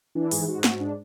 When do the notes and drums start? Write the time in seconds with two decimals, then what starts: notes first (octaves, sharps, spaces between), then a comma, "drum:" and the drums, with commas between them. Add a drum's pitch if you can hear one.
0.15 E3 D4
0.31 G#2 G#4, drum: open hi-hat
0.48 G#2 F#4
0.64 G#2 F#4, drum: snare
0.80 D4